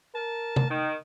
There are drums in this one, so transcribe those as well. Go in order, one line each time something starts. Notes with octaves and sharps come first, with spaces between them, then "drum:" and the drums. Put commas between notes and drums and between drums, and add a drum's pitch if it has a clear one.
A#4 A5
drum: tom
D#3